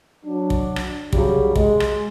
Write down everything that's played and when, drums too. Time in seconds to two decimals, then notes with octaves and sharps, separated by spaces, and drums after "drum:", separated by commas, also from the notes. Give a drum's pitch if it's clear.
0.24 F#3 D4
0.50 drum: kick
0.76 drum: rim click
1.13 C#3 F#3 G3, drum: kick
1.56 G#3, drum: kick
1.80 drum: rim click